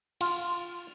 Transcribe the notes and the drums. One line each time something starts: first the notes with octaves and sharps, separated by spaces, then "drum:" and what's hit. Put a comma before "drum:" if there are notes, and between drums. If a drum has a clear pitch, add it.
F4, drum: cymbal